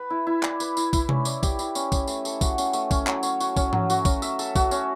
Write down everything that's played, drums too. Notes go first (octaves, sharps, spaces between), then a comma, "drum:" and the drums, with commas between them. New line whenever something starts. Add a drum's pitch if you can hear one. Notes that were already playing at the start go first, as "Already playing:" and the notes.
Already playing: B4
E4
E4
D5, drum: clap
B4, drum: tambourine
E4, drum: tambourine
E4, drum: kick, tambourine
C#4, drum: tom C3
D5, drum: tambourine
G4, drum: kick, tambourine
E4, drum: tambourine
C#4, drum: tambourine
C#4, drum: kick, tambourine
A3, drum: tambourine
A4, drum: tambourine
F#4, drum: kick, tambourine
C#4, drum: tambourine
A3, drum: tambourine
C#4, drum: kick, tambourine
F#3, drum: clap
C#5, drum: tambourine
F#4, drum: tambourine
C#4, drum: kick, tambourine
F#3, drum: tom G#2
F#4, drum: tambourine
C#4, drum: kick, tambourine
E5, drum: tambourine
A4, drum: tambourine
F#4, drum: kick, tambourine
C#4, drum: tambourine